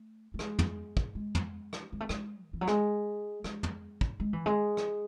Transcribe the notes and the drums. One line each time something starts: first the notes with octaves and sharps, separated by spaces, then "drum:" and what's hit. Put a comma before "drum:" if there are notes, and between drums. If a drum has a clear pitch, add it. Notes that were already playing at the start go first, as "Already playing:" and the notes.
Already playing: A3
A3
G#3, drum: rim click
drum: tom
drum: kick
G#3
drum: tom
drum: rim click
G#3
A3
G#3, drum: rim click
D3
E3
F#3
G#3, drum: rim click
G#3, drum: rim click
drum: tom
drum: kick
G#3
E3
G#3
drum: rim click